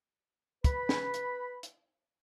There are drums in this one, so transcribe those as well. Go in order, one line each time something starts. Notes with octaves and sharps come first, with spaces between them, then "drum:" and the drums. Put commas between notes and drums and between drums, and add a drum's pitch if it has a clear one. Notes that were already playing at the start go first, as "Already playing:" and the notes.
B4 B5, drum: kick, hi-hat
drum: snare
drum: hi-hat
drum: hi-hat